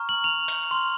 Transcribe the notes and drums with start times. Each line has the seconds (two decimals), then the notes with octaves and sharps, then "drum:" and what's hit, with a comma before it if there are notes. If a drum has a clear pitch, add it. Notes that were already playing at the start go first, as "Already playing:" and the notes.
Already playing: A#5 C#6 F6
0.09 F#7
0.24 F7
0.48 drum: hi-hat
0.71 C6 F6